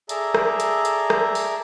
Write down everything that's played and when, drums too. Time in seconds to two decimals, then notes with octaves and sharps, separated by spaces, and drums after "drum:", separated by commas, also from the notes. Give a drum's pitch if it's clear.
0.09 G#4 A4 D5 E5 A#5, drum: hi-hat
0.35 drum: rim click
0.60 drum: hi-hat
0.85 drum: hi-hat
1.10 drum: rim click
1.35 drum: open hi-hat